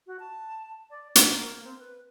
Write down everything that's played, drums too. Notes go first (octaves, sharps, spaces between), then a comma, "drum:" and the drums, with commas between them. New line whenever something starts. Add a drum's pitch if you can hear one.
F#4
A5
D5
A#5, drum: hi-hat
A#3
C4
B4